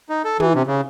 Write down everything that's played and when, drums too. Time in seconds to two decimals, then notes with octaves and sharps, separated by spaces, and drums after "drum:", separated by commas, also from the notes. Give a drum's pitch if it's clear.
0.09 D#4
0.24 A4
0.40 E3, drum: tom
0.55 C3
0.67 C#3